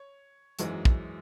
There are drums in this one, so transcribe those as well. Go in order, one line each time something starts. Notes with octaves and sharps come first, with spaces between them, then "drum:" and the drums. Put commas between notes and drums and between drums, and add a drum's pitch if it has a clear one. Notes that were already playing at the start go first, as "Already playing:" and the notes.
Already playing: C#5
G#1 F#2 E3 G#3, drum: hi-hat
drum: kick